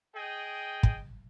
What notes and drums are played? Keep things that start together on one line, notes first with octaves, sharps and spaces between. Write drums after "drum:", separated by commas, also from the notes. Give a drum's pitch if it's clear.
G#4 D#5 G5
drum: kick